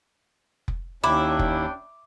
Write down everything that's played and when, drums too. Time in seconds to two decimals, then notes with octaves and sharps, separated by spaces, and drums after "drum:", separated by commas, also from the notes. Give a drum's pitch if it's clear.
0.68 drum: kick F1
1.04 D#2 C#4 D4 E4 G5 D6
1.39 drum: kick F1